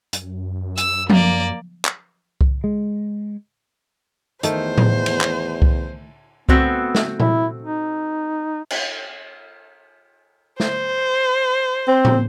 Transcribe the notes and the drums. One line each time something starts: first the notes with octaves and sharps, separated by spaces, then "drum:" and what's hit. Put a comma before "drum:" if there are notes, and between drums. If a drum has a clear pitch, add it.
F#2, drum: hi-hat
E6, drum: hi-hat
A#3 D5, drum: tom F3
drum: clap
drum: kick C2
G#3
E2 D#3 A3 C5, drum: hi-hat
drum: tom A2
drum: cymbal
drum: clap
drum: kick C2
A3 B3 C4 F#4, drum: kick C2
drum: snare
E4, drum: tom A#2
D#4
drum: cymbal
C5, drum: snare
C4
drum: tom